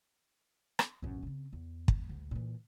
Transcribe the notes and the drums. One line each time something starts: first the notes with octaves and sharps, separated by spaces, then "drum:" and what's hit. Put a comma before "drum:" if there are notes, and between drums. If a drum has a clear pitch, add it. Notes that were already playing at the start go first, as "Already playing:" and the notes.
drum: rim click
A1 F#2
C#3 C4
E2
drum: kick
D2
A#2 E3